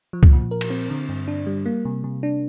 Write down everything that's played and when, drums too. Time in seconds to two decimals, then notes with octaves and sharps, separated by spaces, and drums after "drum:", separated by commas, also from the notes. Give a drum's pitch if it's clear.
0.13 F3
0.23 drum: kick C2
0.33 A#2
0.51 A#4
0.61 drum: cymbal
0.70 C4
0.90 D3
1.09 G2
1.28 D4
1.47 G3
1.66 A#3
1.85 C3
2.04 C3
2.23 D4